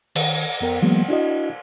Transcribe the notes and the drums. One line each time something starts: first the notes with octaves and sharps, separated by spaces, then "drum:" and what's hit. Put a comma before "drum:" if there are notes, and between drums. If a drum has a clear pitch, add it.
D#3, drum: cymbal
F2 B3 A#4 G5
E3 F#3 G#3 A#3 B3
D4 E4 F#4 D#5